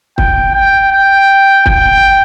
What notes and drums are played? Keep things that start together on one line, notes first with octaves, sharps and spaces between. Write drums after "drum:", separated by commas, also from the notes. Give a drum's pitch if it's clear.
G5, drum: kick
G5
G5
G5, drum: kick